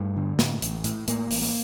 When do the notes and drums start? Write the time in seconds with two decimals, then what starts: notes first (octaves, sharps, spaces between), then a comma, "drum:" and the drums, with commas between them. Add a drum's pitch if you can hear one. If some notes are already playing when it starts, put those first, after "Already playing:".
Already playing: G2 A3
0.16 D3
0.39 A2, drum: snare
0.62 A1, drum: hi-hat
0.84 A2, drum: hi-hat
1.08 A2 A#3, drum: hi-hat
1.31 A1, drum: open hi-hat
1.42 A#3